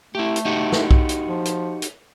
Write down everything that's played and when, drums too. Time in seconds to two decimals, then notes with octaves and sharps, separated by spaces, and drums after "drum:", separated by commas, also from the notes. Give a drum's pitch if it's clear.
0.15 A3 E4 G4
0.36 drum: hi-hat
0.45 D#4 F#4 G4
0.72 drum: snare
0.91 drum: kick B1
1.09 drum: hi-hat
1.27 F3
1.45 drum: hi-hat
1.82 drum: hi-hat